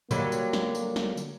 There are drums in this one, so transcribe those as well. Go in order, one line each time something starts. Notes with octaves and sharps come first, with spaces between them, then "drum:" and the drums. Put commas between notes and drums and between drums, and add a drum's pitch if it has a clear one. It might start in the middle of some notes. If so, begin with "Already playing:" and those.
D3 F#3 G3 A#3, drum: tambourine
drum: tambourine
drum: snare
drum: tambourine
drum: snare
drum: tambourine